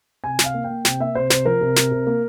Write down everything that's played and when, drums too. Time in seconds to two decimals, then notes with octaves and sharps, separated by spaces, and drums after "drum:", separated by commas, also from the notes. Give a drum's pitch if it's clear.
0.24 C3 G#5
0.39 C3, drum: snare
0.44 F5
0.54 A#3
0.64 G5
0.70 A#3
0.85 C3 G5, drum: snare
1.00 A#3 E5
1.15 C3 C5
1.30 C3 C5, drum: snare
1.46 F3 A#4
1.61 C3
1.76 C3, drum: snare
1.91 C3
2.07 A#3